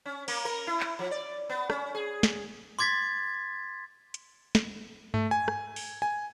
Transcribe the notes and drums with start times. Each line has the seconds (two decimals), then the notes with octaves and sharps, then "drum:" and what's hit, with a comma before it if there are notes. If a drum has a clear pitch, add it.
0.06 C#4
0.28 A#3, drum: cymbal
0.45 A#4
0.67 E4
0.80 drum: clap
0.99 F3
1.11 D5
1.49 B3
1.70 C#4, drum: rim click
1.95 G#4
2.23 drum: snare
2.79 C6 D6 G#6 A6 B6
4.14 drum: hi-hat
4.55 drum: snare
5.14 A3, drum: tom G2
5.31 G#5
5.48 drum: rim click
5.76 drum: open hi-hat
6.02 G#5